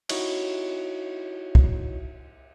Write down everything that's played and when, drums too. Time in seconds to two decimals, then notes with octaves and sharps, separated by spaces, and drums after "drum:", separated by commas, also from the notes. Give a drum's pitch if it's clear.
0.09 D#4 E4 F#4 C#5 D#5, drum: cymbal
1.55 drum: kick